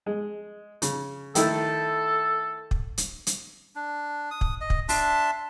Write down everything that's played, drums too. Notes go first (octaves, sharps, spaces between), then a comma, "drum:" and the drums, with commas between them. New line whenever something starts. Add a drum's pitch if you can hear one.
G#3
C#3, drum: hi-hat
D#3 A3 E4 A4, drum: hi-hat
drum: kick
drum: hi-hat
drum: hi-hat
D4
D#6
drum: kick
D#5
drum: kick
D4 E5 A5 C6, drum: open hi-hat